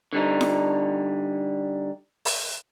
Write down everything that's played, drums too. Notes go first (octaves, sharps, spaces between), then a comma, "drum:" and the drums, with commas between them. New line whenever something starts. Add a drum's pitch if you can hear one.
D3 G3 D#4
drum: snare
drum: open hi-hat